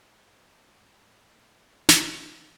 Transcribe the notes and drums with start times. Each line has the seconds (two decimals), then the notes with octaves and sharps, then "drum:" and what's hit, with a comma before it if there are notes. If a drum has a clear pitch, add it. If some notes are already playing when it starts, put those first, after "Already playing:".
Already playing: G#2 G#3 B3
0.13 G#2
0.35 B3
0.57 G#3 D6
0.71 C#6
0.79 A2
0.86 B5
0.99 G#3 A5
1.21 A2
1.89 drum: snare